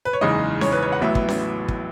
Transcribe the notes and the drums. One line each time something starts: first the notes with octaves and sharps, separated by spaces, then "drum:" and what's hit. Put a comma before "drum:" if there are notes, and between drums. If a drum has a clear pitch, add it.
B4
C#5
F#1 E2 C#3 G#3 D#4 D#5
C#5, drum: snare C#4
B4
C#5
F#5
A1 A2 F#3 B3 E5
drum: kick
drum: snare C#4
drum: kick